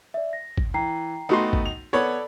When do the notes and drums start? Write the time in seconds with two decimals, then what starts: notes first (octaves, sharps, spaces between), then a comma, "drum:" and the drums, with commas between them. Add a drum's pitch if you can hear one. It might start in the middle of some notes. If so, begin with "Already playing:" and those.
0.14 D5 E5
0.33 A#6
0.57 drum: kick G#1
0.74 E3 G5 A#5 C7
1.29 A3 B3 D#4 F#4 C6
1.53 drum: kick G#1
1.66 F7
1.93 B3 A4 C#5 D5 B5